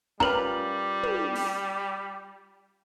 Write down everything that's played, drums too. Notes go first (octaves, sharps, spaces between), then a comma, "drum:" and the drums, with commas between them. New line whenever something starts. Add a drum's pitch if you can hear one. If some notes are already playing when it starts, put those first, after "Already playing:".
G3 C#4 F4 A#4 B4 A#5 F#7, drum: kick
drum: tom
drum: open hi-hat